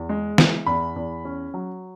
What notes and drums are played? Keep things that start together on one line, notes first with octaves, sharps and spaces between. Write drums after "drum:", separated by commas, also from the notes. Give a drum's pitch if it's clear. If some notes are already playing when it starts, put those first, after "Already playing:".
Already playing: E2
G#3
E3, drum: snare
E2 B5
E2
C#4
F#3